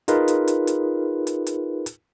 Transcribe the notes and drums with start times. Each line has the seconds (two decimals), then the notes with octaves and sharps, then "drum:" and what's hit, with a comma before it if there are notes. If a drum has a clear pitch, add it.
0.08 D#4 F4 G#4 A#4 B4, drum: hi-hat
0.28 drum: hi-hat
0.48 drum: hi-hat
0.67 drum: hi-hat
1.27 drum: hi-hat
1.47 drum: hi-hat
1.86 drum: hi-hat